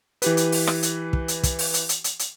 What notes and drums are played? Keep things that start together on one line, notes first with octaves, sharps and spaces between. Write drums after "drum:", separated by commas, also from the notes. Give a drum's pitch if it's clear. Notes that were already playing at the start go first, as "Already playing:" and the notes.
E3 G4 B4, drum: hi-hat
drum: hi-hat
drum: open hi-hat
drum: rim click
drum: hi-hat
drum: kick
drum: hi-hat
drum: kick, hi-hat
drum: open hi-hat
drum: hi-hat
drum: hi-hat
drum: hi-hat
drum: hi-hat